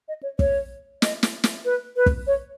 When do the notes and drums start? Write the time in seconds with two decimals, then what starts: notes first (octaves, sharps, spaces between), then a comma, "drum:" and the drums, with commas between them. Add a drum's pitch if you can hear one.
0.08 D#5
0.23 C#5
0.39 C#5, drum: kick
1.02 D#5, drum: snare
1.23 drum: snare
1.44 drum: snare
1.65 B4
1.96 B4
2.06 drum: kick
2.27 C#5